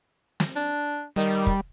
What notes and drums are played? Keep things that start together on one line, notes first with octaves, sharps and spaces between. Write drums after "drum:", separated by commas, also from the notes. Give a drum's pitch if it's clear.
drum: snare
D4
D#3 G3
drum: kick